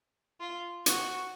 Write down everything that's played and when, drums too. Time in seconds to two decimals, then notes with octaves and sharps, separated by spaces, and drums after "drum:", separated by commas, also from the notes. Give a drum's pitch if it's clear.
0.40 F4
0.86 F#4, drum: hi-hat